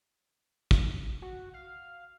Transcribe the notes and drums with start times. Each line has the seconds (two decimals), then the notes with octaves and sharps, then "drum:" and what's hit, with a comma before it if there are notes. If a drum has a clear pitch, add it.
0.71 drum: kick
1.22 F#4
1.54 F5